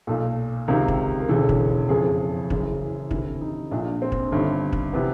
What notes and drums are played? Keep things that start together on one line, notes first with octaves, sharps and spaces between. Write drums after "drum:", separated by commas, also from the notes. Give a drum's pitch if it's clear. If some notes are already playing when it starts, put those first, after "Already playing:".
B1 A#2 A4
C#2 C3 D#3 A#4
drum: kick
A#4
E1 D2 C#3 E3 A4
drum: kick
F#1 F2 C#3 G#4
F#1 F#2 C#3 E3, drum: kick
D2 C3 E3 E4, drum: kick
D#4
A#1 A#2 D4
C4
drum: kick
G1 G2 D#3
drum: kick
C3 E3 B3